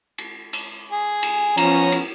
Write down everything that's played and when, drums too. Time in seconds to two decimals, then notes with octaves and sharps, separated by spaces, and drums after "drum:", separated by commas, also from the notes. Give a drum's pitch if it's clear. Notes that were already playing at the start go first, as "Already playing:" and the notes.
0.18 drum: cymbal
0.53 drum: cymbal
0.92 G#4
1.23 drum: cymbal
1.57 F3 B3 C#4 A#5, drum: cymbal
1.92 drum: cymbal